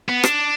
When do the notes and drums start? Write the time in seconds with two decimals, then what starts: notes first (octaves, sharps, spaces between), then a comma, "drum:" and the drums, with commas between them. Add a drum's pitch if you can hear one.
0.09 B3
0.24 D4, drum: rim click